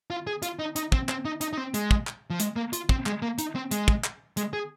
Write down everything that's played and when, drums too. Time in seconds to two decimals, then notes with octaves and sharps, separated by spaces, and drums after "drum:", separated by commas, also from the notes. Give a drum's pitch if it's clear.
0.10 F4
0.27 G#4
0.43 F4, drum: hi-hat
0.59 D#4
0.76 D#4, drum: hi-hat
0.92 C4, drum: kick
1.09 C4, drum: clap
1.25 D#4
1.41 D#4, drum: hi-hat
1.53 D#4
1.57 C4
1.74 G#3, drum: hi-hat
1.91 drum: kick
2.07 drum: clap
2.30 F3
2.40 G#3, drum: hi-hat
2.56 A#3
2.73 F4, drum: hi-hat
2.89 C4, drum: kick
3.06 G#3, drum: clap
3.22 A#3
3.38 D#4, drum: hi-hat
3.55 C4
3.71 G#3, drum: hi-hat
3.88 drum: kick
4.04 drum: clap
4.37 G#3, drum: hi-hat
4.53 G#4